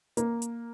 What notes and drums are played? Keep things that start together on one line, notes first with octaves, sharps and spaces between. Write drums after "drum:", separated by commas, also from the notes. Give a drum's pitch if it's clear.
A#3, drum: hi-hat
drum: hi-hat